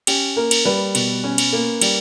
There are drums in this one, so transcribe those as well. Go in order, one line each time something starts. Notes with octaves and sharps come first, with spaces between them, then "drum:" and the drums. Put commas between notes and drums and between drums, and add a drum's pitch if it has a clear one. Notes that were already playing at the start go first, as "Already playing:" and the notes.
C#4 G4, drum: cymbal
A#3 A#4
drum: cymbal
G3 B4
B2, drum: cymbal
C#4
drum: cymbal
A#3
G3, drum: cymbal